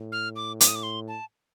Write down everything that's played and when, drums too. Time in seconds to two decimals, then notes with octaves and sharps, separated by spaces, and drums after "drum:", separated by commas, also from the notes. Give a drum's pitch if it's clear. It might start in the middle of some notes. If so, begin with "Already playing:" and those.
Already playing: A2
0.12 F6
0.36 D6
0.61 D6, drum: hi-hat
0.67 D#6
0.75 D6
0.83 C6
1.08 A5